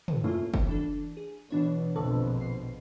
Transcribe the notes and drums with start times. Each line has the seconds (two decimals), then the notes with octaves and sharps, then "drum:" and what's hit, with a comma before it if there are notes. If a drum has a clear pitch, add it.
0.08 drum: tom
0.24 A3 A#3 C#4 E4 F4
0.54 drum: kick
0.67 E3 D4 A4
1.17 G#4
1.50 B2 E3 D4 C#5
1.96 A#1 F2 B2 D3 A4 B4
2.40 C7